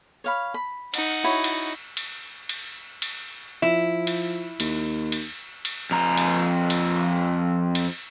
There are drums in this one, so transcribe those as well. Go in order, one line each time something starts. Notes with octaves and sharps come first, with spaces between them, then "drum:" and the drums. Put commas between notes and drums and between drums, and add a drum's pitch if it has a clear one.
C#5 F5 B5
B5
D#4 F#5, drum: cymbal
E4 F#4 C#5
drum: cymbal
drum: cymbal
drum: cymbal
drum: cymbal
F3 E4
drum: cymbal
D#2, drum: cymbal
drum: cymbal
drum: cymbal
F2 A#5
drum: cymbal
drum: cymbal
drum: cymbal